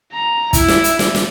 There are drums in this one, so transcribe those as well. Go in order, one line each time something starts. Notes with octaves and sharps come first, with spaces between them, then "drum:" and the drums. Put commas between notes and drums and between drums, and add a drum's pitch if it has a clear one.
A#5
E4, drum: kick, hi-hat
drum: snare
drum: hi-hat
drum: snare
drum: snare